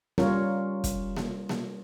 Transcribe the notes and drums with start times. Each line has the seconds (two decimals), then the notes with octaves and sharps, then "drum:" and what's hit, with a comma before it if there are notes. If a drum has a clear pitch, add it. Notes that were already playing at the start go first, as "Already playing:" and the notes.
0.18 G3 C#4 F4 A#4 C#5, drum: snare A#3
0.84 drum: kick, hi-hat
1.17 drum: snare A#3
1.49 drum: snare A#3